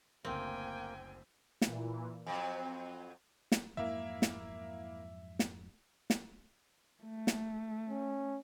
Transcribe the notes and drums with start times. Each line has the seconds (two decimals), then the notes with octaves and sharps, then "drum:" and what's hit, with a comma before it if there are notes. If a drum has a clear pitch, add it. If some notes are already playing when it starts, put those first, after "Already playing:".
0.25 F#1 D2 A#3 C4 A#4 G5 G#5
1.62 A#2 E3, drum: snare
2.27 F2 F#3 C4
3.52 drum: snare
3.77 F2 G#2 F#3 A#3 E4 E5
4.22 drum: snare
5.39 drum: snare
6.10 drum: snare
7.04 A3
7.27 drum: snare
7.90 C#4